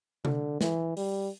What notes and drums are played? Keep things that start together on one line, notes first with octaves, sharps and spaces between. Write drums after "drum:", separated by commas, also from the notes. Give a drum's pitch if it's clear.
D3, drum: tom C3
E3, drum: snare
G3, drum: open hi-hat